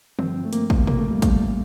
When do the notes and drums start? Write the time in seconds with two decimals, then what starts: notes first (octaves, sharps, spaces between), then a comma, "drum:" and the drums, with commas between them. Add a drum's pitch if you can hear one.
0.19 G2 F3 C4, drum: tom D3
0.45 A3
0.53 A#3, drum: hi-hat
0.70 drum: kick
0.87 A#3, drum: tom A#2
0.99 A3
1.11 G3
1.22 A3, drum: kick, hi-hat